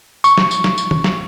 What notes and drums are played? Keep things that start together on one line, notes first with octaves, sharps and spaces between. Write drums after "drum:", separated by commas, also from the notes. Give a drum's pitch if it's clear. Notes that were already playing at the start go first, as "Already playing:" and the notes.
C#6, drum: tambourine
drum: snare
drum: tambourine
drum: snare
drum: tambourine
drum: tom
drum: snare